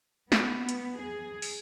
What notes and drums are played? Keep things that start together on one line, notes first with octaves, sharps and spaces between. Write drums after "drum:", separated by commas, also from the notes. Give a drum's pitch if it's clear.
B3, drum: snare
drum: hi-hat
G#4
drum: open hi-hat